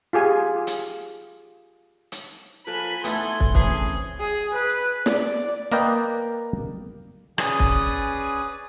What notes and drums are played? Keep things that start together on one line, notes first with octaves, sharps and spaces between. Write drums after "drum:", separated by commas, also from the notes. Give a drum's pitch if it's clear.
F4 G4 G#4 G#5
drum: hi-hat
drum: hi-hat
F3 A#3 A4 B4 G#5 B5
A3 B3 D#4 E4 A4 E5 G#5 C6, drum: hi-hat
drum: kick
E3 A3 C4 C#4 G#4, drum: kick
G#4
B4
D5, drum: snare
A#3 A#4 B4 D5 D#5 G5
C#4 G#4 B4 D5 G#5 D#6, drum: rim click
drum: kick